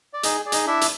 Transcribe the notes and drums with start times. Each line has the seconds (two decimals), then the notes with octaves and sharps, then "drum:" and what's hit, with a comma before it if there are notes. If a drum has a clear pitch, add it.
0.13 D5
0.23 D#4 G#4 D#5, drum: hi-hat
0.45 G#4 D5
0.52 D#4 D#5, drum: hi-hat
0.66 D4 E4 E5
0.81 drum: hi-hat